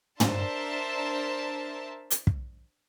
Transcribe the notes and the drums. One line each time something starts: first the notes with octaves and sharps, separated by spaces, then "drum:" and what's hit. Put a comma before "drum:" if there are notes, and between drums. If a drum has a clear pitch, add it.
D4 A#4 C5 E5 A5, drum: tom
drum: hi-hat
drum: kick